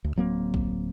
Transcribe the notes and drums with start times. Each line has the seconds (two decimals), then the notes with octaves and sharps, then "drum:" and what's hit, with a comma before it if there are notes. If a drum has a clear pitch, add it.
0.04 D2
0.16 D1 F#3 A#3 C4
0.54 drum: kick A#1